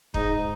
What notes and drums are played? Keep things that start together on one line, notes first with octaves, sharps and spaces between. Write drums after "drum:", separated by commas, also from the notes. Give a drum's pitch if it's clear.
G#2 D#4, drum: kick